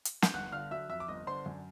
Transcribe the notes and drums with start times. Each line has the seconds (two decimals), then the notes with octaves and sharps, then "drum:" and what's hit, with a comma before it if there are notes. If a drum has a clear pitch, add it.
0.05 drum: hi-hat
0.22 G6, drum: snare
0.34 G1 F#5 F#6
0.52 D3 F5 F6
0.71 F#3 E5 E6
0.90 F2 E5 E6
1.00 D6
1.08 G1 D#5 D#6
1.27 D3 C5 C6
1.46 F#2